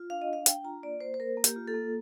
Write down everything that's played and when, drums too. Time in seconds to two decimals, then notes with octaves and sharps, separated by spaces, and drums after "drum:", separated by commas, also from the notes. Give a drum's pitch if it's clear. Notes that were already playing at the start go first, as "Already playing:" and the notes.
Already playing: F4
0.10 D4 F5
0.22 D#5
0.28 D4
0.33 F5
0.46 D4 G5, drum: hi-hat
0.64 F4 A#5
0.83 A#3 D5
1.01 A#3 C5
1.14 C5
1.19 A#3 A#4
1.37 A#3
1.44 G4, drum: hi-hat
1.56 F4
1.68 A4
1.74 A#3